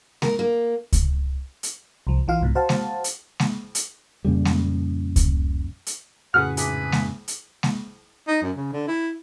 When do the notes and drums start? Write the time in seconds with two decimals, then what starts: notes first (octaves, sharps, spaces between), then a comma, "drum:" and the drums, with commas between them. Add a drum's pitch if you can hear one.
0.22 A#4, drum: snare G#3
0.39 A#3
0.92 drum: kick C#2, hi-hat
1.63 drum: hi-hat
2.07 C2 F3
2.27 A#1 E3 F4 F5
2.41 C2 G#2 B2
2.55 F#4 C5 F5 F#5 A5
2.69 drum: snare G#3
3.04 drum: hi-hat
3.39 drum: snare G#3
3.75 drum: hi-hat
4.25 F2 A#2 C#3 G3
4.45 drum: snare G#3
5.16 drum: kick C#2, hi-hat
5.86 drum: hi-hat
6.34 F2 A2 C#3 F#4 G#4 B4 F#5 F6
6.57 G#1 G#4 B4 D6, drum: hi-hat
6.92 drum: snare G#3
7.28 drum: hi-hat
7.63 drum: snare G#3
8.27 D#4
8.42 F#2
8.56 C#3
8.73 D3
8.88 E4